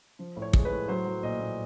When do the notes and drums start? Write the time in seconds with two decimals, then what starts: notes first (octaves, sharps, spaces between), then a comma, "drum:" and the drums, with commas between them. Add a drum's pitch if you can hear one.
0.19 F3
0.36 A2
0.42 C#5
0.53 G#3, drum: kick
0.65 B4
0.71 A2
0.88 F#3 C5
1.05 F#3
1.23 A#2 D#5
1.40 A#2